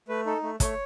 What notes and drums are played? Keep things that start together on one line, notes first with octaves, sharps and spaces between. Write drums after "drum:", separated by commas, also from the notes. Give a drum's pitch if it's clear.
A3 B4
D#4 A4
A3
A3 C#5, drum: kick, hi-hat